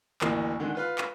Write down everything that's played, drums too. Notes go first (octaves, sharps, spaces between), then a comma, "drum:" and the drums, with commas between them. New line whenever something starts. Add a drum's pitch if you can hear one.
A1 D2 A2 A#3, drum: clap
D3 D#3 G#3
F4 B4 F5
drum: clap